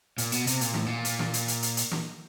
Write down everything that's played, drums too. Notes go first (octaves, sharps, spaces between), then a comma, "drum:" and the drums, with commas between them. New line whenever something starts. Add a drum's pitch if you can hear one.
A#2, drum: hi-hat
B2, drum: hi-hat
C3, drum: hi-hat
A#2, drum: hi-hat
A2, drum: snare
A#2
drum: hi-hat
drum: snare
drum: hi-hat
drum: hi-hat
drum: hi-hat
drum: hi-hat
drum: snare